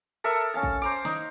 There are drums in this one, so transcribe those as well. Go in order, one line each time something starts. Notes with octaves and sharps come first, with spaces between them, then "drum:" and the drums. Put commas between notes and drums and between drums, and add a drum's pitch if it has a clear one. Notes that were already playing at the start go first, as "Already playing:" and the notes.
A4 A#4 E5 D#6
C#4 F5 A5
drum: kick
C5 A#5 D6
D#4, drum: snare